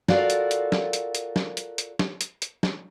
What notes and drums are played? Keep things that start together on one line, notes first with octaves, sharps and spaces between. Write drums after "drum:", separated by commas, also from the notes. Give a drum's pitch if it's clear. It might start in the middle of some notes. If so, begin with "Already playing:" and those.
F4 F#4 A4 A#4 D5 F5, drum: snare
drum: hi-hat
drum: hi-hat
drum: snare
drum: hi-hat
drum: hi-hat
drum: snare
drum: hi-hat
drum: hi-hat
drum: snare
drum: hi-hat
drum: hi-hat
drum: snare